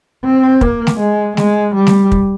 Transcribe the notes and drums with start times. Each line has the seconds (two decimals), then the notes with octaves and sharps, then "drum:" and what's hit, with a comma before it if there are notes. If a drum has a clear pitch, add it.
0.24 C4
0.61 A#3, drum: kick
0.87 drum: snare
0.99 G#3
1.37 G#3, drum: snare
1.75 G3
1.87 drum: snare
2.12 drum: kick